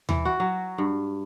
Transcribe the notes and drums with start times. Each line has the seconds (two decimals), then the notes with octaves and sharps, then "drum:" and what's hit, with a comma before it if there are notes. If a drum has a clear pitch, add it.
0.09 E3, drum: tom D#2
0.25 F#4
0.40 F#3
0.78 G2